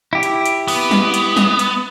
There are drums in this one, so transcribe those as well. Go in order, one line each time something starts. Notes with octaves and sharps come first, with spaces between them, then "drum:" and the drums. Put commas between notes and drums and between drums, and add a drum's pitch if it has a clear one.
E4 G4
drum: hi-hat
drum: hi-hat
B3, drum: open hi-hat
drum: snare
drum: hi-hat
drum: snare
drum: hi-hat